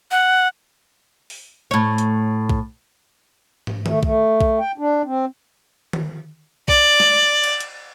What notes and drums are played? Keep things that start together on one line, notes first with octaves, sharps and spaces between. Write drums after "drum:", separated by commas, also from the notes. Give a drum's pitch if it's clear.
F#5
drum: open hi-hat
A2 C#5
drum: hi-hat
drum: kick B1
drum: tom
A3, drum: tom D#3
A3, drum: kick B1
drum: kick B1
G5
D4
C4
drum: tom D#3
D5, drum: kick B1
drum: snare
drum: cymbal
drum: hi-hat